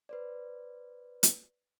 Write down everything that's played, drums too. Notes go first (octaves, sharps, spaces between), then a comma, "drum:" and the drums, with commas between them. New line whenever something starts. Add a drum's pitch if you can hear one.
B4 C5 D5
drum: hi-hat